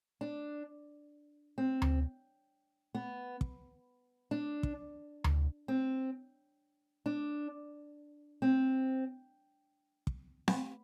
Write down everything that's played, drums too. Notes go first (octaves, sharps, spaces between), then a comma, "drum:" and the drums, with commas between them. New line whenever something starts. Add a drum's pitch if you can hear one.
D4
C4
drum: tom D2
B3
drum: kick
D4
drum: kick
drum: tom D2
C4
D4
C4
drum: kick
B3, drum: snare C4